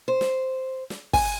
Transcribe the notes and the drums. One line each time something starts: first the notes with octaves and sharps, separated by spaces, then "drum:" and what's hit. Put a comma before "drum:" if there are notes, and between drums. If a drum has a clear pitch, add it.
C5
drum: snare
drum: snare
G#5, drum: kick, open hi-hat